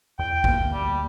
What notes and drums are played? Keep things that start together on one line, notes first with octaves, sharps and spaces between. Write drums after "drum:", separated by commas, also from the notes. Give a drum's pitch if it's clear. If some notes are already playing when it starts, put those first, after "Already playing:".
E2 G5
D2 A#3, drum: kick
G3